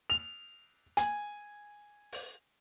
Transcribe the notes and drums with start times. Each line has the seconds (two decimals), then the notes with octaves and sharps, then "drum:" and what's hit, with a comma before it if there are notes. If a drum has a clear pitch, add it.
0.10 F7
0.97 G#5, drum: hi-hat
2.12 drum: open hi-hat